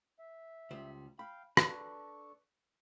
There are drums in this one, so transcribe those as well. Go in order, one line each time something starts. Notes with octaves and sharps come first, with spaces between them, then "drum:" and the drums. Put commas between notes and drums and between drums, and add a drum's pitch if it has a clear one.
E5
C#2 G3 C5
F5 G5 B5
D4 A4 B4 C#6, drum: rim click